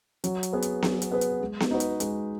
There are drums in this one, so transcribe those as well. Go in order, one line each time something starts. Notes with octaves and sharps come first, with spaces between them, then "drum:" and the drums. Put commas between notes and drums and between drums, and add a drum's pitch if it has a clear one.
F#3, drum: hi-hat
drum: hi-hat
B3 G#4 B4
drum: hi-hat
F#3, drum: snare B3
drum: hi-hat
B3 G#4 B4
drum: hi-hat
G#3
drum: snare B3
D#4 F#4 B4
drum: hi-hat
G#3, drum: hi-hat